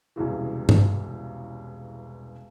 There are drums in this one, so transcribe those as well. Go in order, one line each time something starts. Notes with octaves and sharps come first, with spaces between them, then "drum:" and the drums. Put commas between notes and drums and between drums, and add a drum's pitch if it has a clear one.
E1 C2 C#3 E3
drum: tom G2